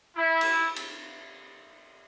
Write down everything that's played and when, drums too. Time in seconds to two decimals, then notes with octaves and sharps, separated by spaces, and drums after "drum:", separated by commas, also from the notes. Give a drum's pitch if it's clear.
0.16 E4
0.41 drum: cymbal
0.76 drum: cymbal